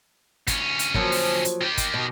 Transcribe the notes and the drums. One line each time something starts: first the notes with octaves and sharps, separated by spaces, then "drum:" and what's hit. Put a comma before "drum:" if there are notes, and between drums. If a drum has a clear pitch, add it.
D2 C#4, drum: kick, hi-hat
drum: hi-hat
F3 F#3 A#3, drum: kick
drum: open hi-hat
drum: hi-hat
D#3 G4
drum: kick, hi-hat
B2